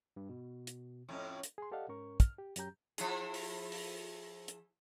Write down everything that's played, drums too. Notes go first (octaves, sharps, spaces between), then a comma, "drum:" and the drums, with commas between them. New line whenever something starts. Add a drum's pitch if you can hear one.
G2
B2
drum: hi-hat
F2 A2 C#4
drum: hi-hat
G#4 C6
G4 A4 D5 D#5 F5 F#5
G#2 C#4 A#4 C#6
F6, drum: kick, hi-hat
G4
F#2 F#3 C#4 G4 A#5 G6, drum: hi-hat
F3 E4 G#4, drum: hi-hat
drum: open hi-hat
drum: open hi-hat
drum: hi-hat